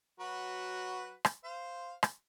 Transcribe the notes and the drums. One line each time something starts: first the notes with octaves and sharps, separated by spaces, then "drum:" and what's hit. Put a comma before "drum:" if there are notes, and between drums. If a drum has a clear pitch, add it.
F#3 F#4 B4
drum: rim click
C5 F5
drum: rim click